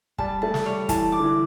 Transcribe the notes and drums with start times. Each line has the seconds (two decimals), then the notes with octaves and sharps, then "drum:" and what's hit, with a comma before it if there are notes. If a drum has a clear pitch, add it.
0.18 G3 A5, drum: kick
0.42 A3 A5
0.54 drum: snare
0.65 G3 C#5
0.89 E3 A5, drum: kick, hi-hat
1.12 D6
1.19 D3
1.24 E3